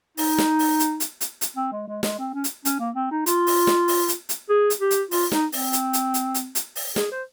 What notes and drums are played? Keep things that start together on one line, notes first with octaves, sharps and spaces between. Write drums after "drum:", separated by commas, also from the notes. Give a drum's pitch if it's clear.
D#4, drum: open hi-hat
drum: snare
drum: open hi-hat
drum: hi-hat
drum: hi-hat
drum: hi-hat
drum: hi-hat
C4
G#3
G#3
G#3, drum: snare
C4
C#4
drum: hi-hat
C#4, drum: hi-hat
A#3
C4
D#4
F4, drum: hi-hat
drum: open hi-hat
drum: snare
drum: open hi-hat
drum: hi-hat
drum: hi-hat
G#4
drum: hi-hat
G4
drum: hi-hat
F4, drum: open hi-hat
D#4, drum: snare
C4, drum: open hi-hat
drum: hi-hat
drum: hi-hat
drum: hi-hat
drum: hi-hat
drum: hi-hat
drum: open hi-hat
G#4, drum: snare
C5